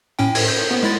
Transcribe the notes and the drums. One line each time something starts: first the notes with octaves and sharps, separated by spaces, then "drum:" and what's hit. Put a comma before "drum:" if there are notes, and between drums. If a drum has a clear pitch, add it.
A2 C#4 G5
G#6, drum: open hi-hat
G6
B3
G#3 E4 A6